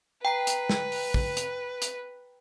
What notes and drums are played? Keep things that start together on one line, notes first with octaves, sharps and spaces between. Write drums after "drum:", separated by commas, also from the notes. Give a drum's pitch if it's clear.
B4 G5 A#5 C7
drum: hi-hat
drum: snare
drum: open hi-hat
drum: kick
drum: hi-hat
drum: hi-hat